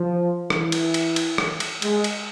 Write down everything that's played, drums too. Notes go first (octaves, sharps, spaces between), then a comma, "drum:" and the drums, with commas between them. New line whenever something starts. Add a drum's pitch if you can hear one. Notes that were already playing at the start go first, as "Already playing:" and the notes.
Already playing: F3
E3, drum: rim click
drum: cymbal
drum: cymbal
drum: cymbal
drum: rim click
drum: cymbal
G#3, drum: cymbal
drum: cymbal